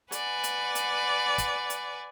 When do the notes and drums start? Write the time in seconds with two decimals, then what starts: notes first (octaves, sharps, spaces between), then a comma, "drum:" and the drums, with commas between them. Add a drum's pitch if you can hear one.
0.12 B4 D5 F#5 G#5, drum: hi-hat
0.44 drum: hi-hat
0.75 drum: hi-hat
1.38 drum: kick, hi-hat
1.70 drum: hi-hat